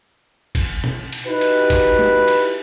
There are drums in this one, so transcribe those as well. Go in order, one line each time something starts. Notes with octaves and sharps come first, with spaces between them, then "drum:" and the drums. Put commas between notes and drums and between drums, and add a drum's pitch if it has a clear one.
drum: kick, cymbal
drum: tom B2
drum: cymbal
D#4 E4 F#4 G4 B4
drum: cymbal
drum: kick, cymbal
drum: tom G#3
drum: cymbal